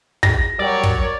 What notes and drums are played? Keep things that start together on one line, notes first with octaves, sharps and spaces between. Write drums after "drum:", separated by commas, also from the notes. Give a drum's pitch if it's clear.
A#6, drum: kick
F#3 G3 A#4 C#5 D5
drum: kick